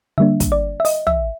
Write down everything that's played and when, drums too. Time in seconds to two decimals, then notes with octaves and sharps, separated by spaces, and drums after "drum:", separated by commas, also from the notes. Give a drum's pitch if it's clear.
0.18 D3 G3 A#3 D4 E5
0.40 drum: kick, hi-hat
0.52 D5
0.80 E5
0.85 D#5, drum: open hi-hat
1.07 E5, drum: tom